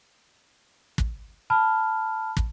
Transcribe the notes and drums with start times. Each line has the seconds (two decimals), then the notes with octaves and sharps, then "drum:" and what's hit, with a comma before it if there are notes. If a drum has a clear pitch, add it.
0.98 drum: kick
1.50 A5 B5 F6
2.37 drum: kick